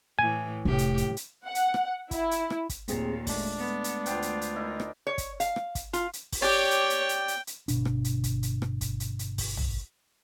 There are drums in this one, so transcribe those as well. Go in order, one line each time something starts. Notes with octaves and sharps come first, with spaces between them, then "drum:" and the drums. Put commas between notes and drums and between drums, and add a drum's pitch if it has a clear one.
A2 E3 G#5
F1 A2 G4
drum: hi-hat
drum: hi-hat
drum: hi-hat
F#5
drum: hi-hat
drum: rim click
E4, drum: kick, hi-hat
drum: hi-hat
drum: rim click
drum: kick, hi-hat
D#2 A#2 A3 C4 G#4, drum: hi-hat
G#3 A3 D4, drum: kick, open hi-hat
B3
drum: hi-hat
D2 B3 F4 C5 G5, drum: hi-hat
drum: hi-hat
drum: hi-hat
D#4 E4 A#4
drum: rim click
C#5
drum: kick, hi-hat
F5, drum: hi-hat
drum: rim click
drum: kick, hi-hat
F4, drum: hi-hat
drum: hi-hat
drum: kick, open hi-hat
G4 C#5 D5 G5
drum: hi-hat
drum: hi-hat
drum: hi-hat
drum: hi-hat
drum: hi-hat
G1 B2 D4, drum: hi-hat
drum: rim click
drum: hi-hat
drum: kick, hi-hat
drum: hi-hat
drum: rim click
drum: kick, hi-hat
drum: hi-hat
drum: hi-hat
drum: kick, open hi-hat
drum: tom